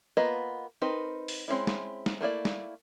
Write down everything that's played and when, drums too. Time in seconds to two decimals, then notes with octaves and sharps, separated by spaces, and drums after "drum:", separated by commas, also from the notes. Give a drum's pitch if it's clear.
0.17 A#3 B3 F4 B4 D#5
0.82 C4 D#4 A#4 B4
1.28 drum: open hi-hat
1.48 G#3 C4 C#4 E4
1.67 drum: snare
2.06 drum: snare
2.21 A3 A#3 E4 D5
2.45 drum: snare